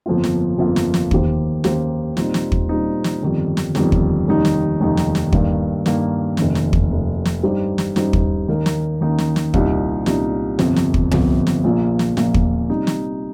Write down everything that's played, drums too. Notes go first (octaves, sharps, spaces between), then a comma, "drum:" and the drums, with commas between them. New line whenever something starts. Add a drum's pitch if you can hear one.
G1 F2 F3 A#3 F4
drum: snare
G1 F2 F3 A#3 F4
drum: snare
drum: snare
D#2 D#3 A#3 G4 C5, drum: kick
D#2 D#3 A#3 G4 C5, drum: snare
A#2 G3 C4 D#4, drum: snare
drum: snare
drum: kick
A#2 G3 C4 D#4
drum: snare
G1 F2 D#3 G3
drum: snare
G1 F2 D#3 G3, drum: snare
drum: kick
F1 D#2 D#3 G3 D#4
drum: snare
F1 D#2 D#3 G3 D#4
drum: snare
drum: snare
G2 D#3 A#3, drum: kick
G2 D#3 A#3, drum: snare
F1 D#2 D#3, drum: snare
drum: snare
drum: kick
F1 D#2 D#3
drum: snare
G2 G3 D#4 G4 C5
drum: snare
G2 G3 D#4 G4 C5, drum: snare
drum: kick
D#2 D#3 A#3 D#4 A#4
drum: snare
D#2 D#3 A#3 D#4 A#4
drum: snare
drum: snare
C2 A#2 G3 D#4, drum: kick
C2 A#2 G3 D#4, drum: snare
G1 F2 C3, drum: snare
drum: snare
drum: kick
G1 F2 C3, drum: tom C2
drum: snare
A#1 A#2 A#3
drum: snare
A#1 A#2 A#3, drum: snare
drum: kick
C3 G3 D#4
drum: snare